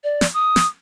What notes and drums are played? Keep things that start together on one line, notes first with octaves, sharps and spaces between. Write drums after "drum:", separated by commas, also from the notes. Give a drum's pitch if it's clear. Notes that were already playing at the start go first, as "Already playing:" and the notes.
D5
drum: snare
D#6
drum: snare